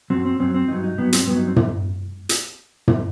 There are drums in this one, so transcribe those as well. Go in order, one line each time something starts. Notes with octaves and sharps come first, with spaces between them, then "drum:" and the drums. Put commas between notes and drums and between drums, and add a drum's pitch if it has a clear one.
F#2 F#3 C4
C4
F#2 F#3 C4
C4
G2 F#3 D#4
D#4
G2 F#3 B3
C4, drum: hi-hat
G2 F#3 B3
D#4
C4
drum: tom
drum: hi-hat
drum: tom